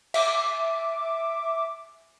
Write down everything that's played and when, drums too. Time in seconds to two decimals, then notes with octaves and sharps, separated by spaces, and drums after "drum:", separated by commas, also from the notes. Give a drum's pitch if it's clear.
0.14 E5 D6, drum: cymbal